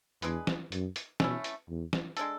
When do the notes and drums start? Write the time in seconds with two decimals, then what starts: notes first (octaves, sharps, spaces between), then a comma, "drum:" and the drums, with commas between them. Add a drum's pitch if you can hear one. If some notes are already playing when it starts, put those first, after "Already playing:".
0.22 E2 G#3 D4 G#4 B4, drum: hi-hat
0.47 drum: snare
0.72 F#2, drum: hi-hat
0.96 drum: hi-hat
1.20 B2 A3 C#4 E4, drum: snare
1.44 drum: hi-hat
1.69 E2
1.93 drum: snare
2.17 G#3 D4 A4, drum: hi-hat